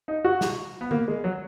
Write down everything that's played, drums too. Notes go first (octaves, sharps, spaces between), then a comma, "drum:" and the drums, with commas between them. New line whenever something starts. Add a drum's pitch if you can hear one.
D#4
F#4
drum: snare
B3
A#3, drum: tom D#3
G#3
F#3